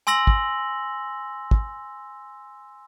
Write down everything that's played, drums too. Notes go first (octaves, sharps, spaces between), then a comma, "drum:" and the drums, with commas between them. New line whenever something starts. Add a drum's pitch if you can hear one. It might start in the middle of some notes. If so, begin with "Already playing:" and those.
G#5 C6 E6 A#6 F#7
drum: kick
drum: kick